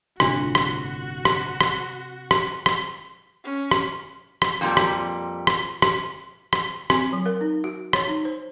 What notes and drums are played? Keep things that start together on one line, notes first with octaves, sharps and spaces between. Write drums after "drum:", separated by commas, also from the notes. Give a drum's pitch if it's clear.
G1 A2 C3 D4 F4 F#4, drum: rim click
drum: rim click
drum: rim click
drum: rim click
drum: rim click
drum: rim click
C#4
drum: rim click
drum: rim click
F2 A#2 G3
drum: rim click
drum: rim click
drum: rim click
drum: rim click
C4, drum: rim click
F#3
A#4
D#4
F#4
C#5, drum: rim click
D#4
C5